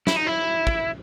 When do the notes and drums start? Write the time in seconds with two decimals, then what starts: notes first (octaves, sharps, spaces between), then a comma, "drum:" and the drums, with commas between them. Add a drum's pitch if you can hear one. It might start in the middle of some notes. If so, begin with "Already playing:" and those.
0.07 E4, drum: snare
0.16 D#4
0.27 E4
0.67 drum: kick